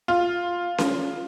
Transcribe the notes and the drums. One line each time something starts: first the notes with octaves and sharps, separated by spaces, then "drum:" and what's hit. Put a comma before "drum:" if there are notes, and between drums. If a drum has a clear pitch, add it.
F4
drum: snare C#4